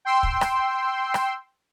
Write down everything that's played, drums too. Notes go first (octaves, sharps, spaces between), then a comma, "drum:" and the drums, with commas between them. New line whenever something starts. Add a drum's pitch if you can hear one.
G5 C6 E6
drum: kick
drum: rim click
drum: rim click